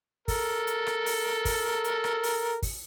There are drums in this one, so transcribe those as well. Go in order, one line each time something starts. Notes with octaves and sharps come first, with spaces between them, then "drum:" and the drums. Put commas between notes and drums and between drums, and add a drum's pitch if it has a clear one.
A4 A#4, drum: kick, open hi-hat
drum: hi-hat
drum: rim click
drum: open hi-hat
drum: kick, open hi-hat
drum: hi-hat
drum: rim click
drum: open hi-hat
drum: kick, open hi-hat